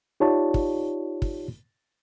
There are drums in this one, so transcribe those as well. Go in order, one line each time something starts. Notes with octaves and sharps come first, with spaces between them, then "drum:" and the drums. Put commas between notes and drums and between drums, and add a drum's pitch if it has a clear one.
D#4 F4 G4 C#5 D5 A5
drum: kick
drum: kick